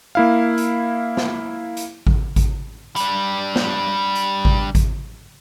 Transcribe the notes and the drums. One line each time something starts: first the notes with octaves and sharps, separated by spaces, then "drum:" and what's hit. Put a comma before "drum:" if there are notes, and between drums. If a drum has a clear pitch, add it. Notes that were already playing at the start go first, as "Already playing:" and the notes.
A#3 E4 F5
drum: hi-hat
drum: snare
drum: hi-hat
drum: kick G#1
drum: kick G#1, hi-hat
G3 D4, drum: hi-hat
drum: snare
drum: hi-hat
drum: kick G#1
drum: kick G#1, hi-hat